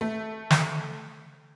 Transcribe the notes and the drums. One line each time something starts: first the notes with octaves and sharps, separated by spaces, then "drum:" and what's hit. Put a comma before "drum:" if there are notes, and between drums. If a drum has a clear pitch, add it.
A3
drum: snare